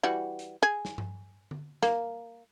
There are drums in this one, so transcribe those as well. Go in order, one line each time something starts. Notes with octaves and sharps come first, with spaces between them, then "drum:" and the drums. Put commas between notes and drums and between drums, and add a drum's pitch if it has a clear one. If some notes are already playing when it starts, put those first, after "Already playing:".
E3 G3 F#4
drum: hi-hat
G#4
drum: snare
drum: tom G2
drum: tom D3
A#3, drum: snare